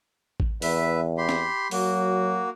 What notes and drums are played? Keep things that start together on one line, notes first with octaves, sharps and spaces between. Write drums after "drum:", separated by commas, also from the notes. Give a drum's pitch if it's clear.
drum: kick A1
E2 B4 E5, drum: open hi-hat
G4 B5 C6
drum: snare C4
F#3 A#3 F#4, drum: open hi-hat